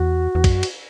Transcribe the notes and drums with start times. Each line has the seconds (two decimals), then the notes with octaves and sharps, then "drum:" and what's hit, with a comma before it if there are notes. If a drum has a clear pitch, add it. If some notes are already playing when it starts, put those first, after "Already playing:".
Already playing: E2 F#4
0.35 E2
0.44 F#2, drum: kick, cymbal
0.63 drum: cymbal